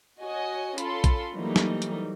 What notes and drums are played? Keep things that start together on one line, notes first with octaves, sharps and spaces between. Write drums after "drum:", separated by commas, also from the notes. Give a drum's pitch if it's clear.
F#4 C#5 D#5 G#5
C#4 F4 A4 B5 C6, drum: hi-hat
drum: kick A#1, hi-hat
E3 F#3 G3 A3 A#3 D#4
drum: snare
drum: hi-hat